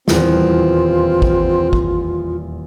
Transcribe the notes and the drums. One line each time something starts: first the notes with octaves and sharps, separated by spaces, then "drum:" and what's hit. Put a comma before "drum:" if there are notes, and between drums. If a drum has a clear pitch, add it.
D#1 E2 C4 F4, drum: snare
drum: kick
drum: kick